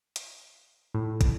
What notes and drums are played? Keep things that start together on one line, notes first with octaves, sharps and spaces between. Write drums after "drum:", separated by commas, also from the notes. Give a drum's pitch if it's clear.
drum: hi-hat
A2
drum: kick, hi-hat